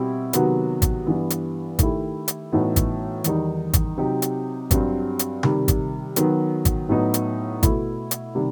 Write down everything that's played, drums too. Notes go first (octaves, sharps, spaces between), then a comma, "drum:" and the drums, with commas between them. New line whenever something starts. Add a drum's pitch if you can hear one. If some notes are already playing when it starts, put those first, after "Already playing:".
Already playing: B2 G3 C4 E4 G4
C3 D#3 F#3 B3 F#4, drum: hi-hat
drum: kick G#1, hi-hat
G2 E3 B3
drum: hi-hat
D#3 A3 E4 G4, drum: kick G#1, hi-hat
drum: hi-hat
A2 E3 B3 D#4 F#4
drum: kick G#1, hi-hat
E2 D#3 G3 D#4, drum: hi-hat
drum: kick G#1, hi-hat
C3 F#3 C4 D#4 G4
drum: hi-hat
G2 F#3 C4, drum: kick G#1, hi-hat
drum: hi-hat
C3 D#3 G3, drum: tom C3
drum: kick G#1, hi-hat
D#3 F#3 B3 F#4, drum: hi-hat
drum: kick G#1, hi-hat
A2 F#3 B3 D#4
drum: hi-hat
B2 A3 E4, drum: kick G#1, hi-hat
drum: hi-hat
C3 D#3 G3